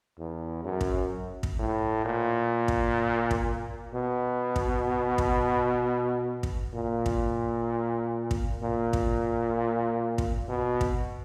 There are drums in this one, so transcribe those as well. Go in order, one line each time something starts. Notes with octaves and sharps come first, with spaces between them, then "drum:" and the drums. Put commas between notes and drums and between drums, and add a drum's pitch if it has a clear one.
E2
F#2
drum: kick
drum: kick
A2
A#2
drum: kick
drum: kick
B2
drum: kick
drum: kick
drum: kick
A#2
drum: kick
drum: kick
A#2
drum: kick
drum: kick
B2
drum: kick